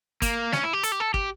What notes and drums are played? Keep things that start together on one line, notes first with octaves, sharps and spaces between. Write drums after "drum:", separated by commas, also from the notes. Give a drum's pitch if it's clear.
A#3, drum: kick, hi-hat
C#4, drum: snare
E4
G4
A4, drum: hi-hat
G4
A4
G4, drum: kick